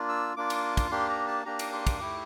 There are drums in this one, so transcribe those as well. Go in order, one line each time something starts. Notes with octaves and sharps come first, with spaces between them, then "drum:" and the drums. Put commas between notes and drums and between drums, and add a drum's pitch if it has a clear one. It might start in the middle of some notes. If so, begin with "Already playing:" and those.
Already playing: A#3 D4 F4
E6
A#3 D4 F4 D6
drum: cymbal
drum: kick, cymbal
A#3 D4 G4 C6
A#5
A5
A#3 D4 G4 A#5
drum: cymbal
C6
drum: kick, cymbal
A3 E4 G4 D6